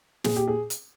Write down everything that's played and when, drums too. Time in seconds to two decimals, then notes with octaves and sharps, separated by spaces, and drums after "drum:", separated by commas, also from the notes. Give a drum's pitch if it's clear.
0.24 A#2 G#4, drum: snare
0.36 G4
0.48 G#4
0.70 drum: hi-hat